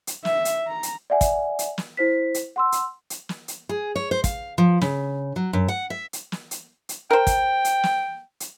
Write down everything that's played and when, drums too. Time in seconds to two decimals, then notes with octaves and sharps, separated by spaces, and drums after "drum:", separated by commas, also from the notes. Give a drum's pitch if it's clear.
0.07 drum: hi-hat
0.25 E5, drum: snare
0.45 drum: hi-hat
0.68 A#5
0.83 drum: hi-hat
1.10 D5 E5 F#5 G#5
1.21 drum: kick, hi-hat
1.59 drum: hi-hat
1.78 drum: snare
1.97 E4 C5 B6
2.34 drum: hi-hat
2.56 F#5 C6 E6
2.72 drum: hi-hat
3.10 drum: hi-hat
3.29 drum: snare
3.48 drum: hi-hat
3.69 G#4
3.96 C#5
4.11 C5
4.24 F5, drum: kick, hi-hat
4.58 F3
4.81 C#3, drum: snare
5.36 F#3
5.53 F#2
5.68 F#5
5.90 E5
6.13 drum: hi-hat
6.32 drum: snare
6.51 drum: hi-hat
6.89 drum: hi-hat
7.11 A#4 C5 G5
7.27 drum: kick, hi-hat
7.65 drum: hi-hat
7.83 drum: snare
8.40 drum: hi-hat